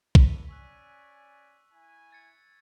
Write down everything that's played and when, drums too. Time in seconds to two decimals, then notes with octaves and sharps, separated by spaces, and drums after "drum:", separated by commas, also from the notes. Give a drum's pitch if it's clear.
0.15 D4 E4 B6 D#7, drum: kick
0.49 C#4 D5 G#5 C#6 E6 F#6
1.73 E4 G#5
2.10 G#6 A6 C#7